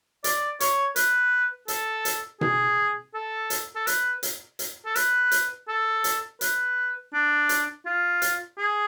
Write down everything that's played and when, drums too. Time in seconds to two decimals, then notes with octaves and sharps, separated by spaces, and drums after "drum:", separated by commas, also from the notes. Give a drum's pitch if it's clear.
0.24 D5, drum: hi-hat
0.60 C#5, drum: hi-hat
0.96 B4, drum: hi-hat
1.68 A4, drum: hi-hat
2.05 drum: hi-hat
2.41 G#4, drum: tom B2
3.14 A4
3.50 drum: hi-hat
3.75 A4
3.87 B4, drum: hi-hat
4.23 drum: hi-hat
4.59 drum: hi-hat
4.86 A4
4.95 B4, drum: hi-hat
5.31 drum: hi-hat
5.68 A4
6.04 drum: hi-hat
6.41 B4, drum: hi-hat
7.13 D4
7.49 drum: hi-hat
7.86 F4
8.22 drum: hi-hat
8.58 G#4